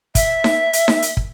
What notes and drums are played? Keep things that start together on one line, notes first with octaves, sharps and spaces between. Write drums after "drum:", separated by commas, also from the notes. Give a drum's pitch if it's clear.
E5, drum: kick, hi-hat
drum: snare D#4
drum: hi-hat
drum: snare D#4
drum: hi-hat
drum: kick